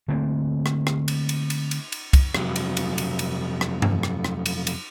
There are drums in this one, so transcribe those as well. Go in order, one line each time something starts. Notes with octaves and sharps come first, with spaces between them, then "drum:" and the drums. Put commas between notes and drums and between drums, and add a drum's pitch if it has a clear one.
D3 A3 A#3 C4
drum: rim click
drum: rim click
drum: cymbal
drum: cymbal
drum: cymbal
drum: cymbal
drum: cymbal
drum: kick C2, cymbal
F2 C3 F#3, drum: rim click
drum: cymbal
drum: cymbal
drum: cymbal
drum: cymbal
drum: rim click
drum: tom G2
drum: rim click
drum: rim click
drum: cymbal
drum: cymbal